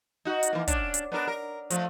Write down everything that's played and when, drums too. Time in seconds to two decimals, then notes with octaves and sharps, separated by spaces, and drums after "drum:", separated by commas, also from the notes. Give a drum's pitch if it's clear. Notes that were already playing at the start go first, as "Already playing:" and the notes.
0.25 D#4 F#4
0.43 drum: hi-hat
0.53 E3 A#3
0.68 C#4 D4, drum: kick, hi-hat
0.94 drum: hi-hat
1.12 B3 D4 A#4
1.27 A#4
1.70 F3 A3, drum: hi-hat